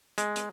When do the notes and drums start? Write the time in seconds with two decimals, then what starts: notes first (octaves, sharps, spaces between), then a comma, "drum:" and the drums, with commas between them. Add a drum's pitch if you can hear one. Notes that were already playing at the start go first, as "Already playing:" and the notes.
0.18 G#3, drum: hi-hat
0.36 drum: hi-hat